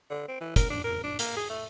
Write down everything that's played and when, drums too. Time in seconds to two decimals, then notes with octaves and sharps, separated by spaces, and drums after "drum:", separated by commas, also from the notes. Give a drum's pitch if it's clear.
0.10 D3
0.28 C4
0.41 E3
0.56 A#4, drum: kick, hi-hat
0.70 D4
0.84 A#4
1.03 D4
1.19 A#3, drum: hi-hat
1.36 G#4
1.50 A3